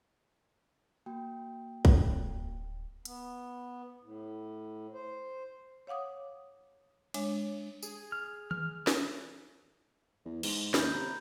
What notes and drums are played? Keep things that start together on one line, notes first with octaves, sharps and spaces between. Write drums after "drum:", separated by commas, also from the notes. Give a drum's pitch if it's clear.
A#3 F#4 G5
D1, drum: kick A#1
B3, drum: hi-hat
A2
C5
C#5 F5 F#5 D6 D#6
G#3 D4 C#5 E5, drum: cymbal
G#4, drum: tambourine
F6
F6, drum: tom D#3
drum: snare
E2
G#2, drum: cymbal
D#2 B5 G6, drum: snare
C3 A#5